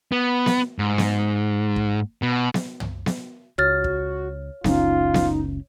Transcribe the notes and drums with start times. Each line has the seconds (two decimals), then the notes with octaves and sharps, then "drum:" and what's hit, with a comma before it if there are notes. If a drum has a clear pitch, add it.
0.12 B3
0.46 drum: snare B3
0.79 G#2
0.98 drum: snare B3
1.76 drum: kick
2.22 B2
2.54 drum: snare B3
2.80 drum: tom
3.06 drum: snare B3
3.58 C#2 F#4 C#5 F6 A6
3.84 drum: kick
4.64 F#1 C#2 C#4 D#4 F4, drum: snare B3
5.14 drum: snare B3